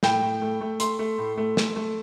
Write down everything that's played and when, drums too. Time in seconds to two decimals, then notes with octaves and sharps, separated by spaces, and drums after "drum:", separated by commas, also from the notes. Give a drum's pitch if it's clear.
0.03 A2 G5, drum: snare
0.23 A2
0.42 A3
0.61 A3
0.80 A3 C6, drum: hi-hat
0.99 A3
1.18 A2
1.37 A3
1.57 A3, drum: snare
1.76 A3